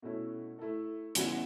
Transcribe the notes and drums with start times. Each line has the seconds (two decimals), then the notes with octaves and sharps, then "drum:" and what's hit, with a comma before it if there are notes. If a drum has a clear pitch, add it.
0.02 B2 A3 C#4 E4 A4
0.59 A3 E4 A4
1.15 C#3 E3 G3 B3, drum: hi-hat